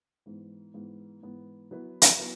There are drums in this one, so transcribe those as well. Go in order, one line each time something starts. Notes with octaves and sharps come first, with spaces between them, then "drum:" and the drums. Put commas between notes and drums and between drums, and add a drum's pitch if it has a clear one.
G#2 E3 B3
G#2 E3 B3
G#2 E3 B3
F#3 B3 E4 B4
drum: hi-hat
F#3 B3 E4 B4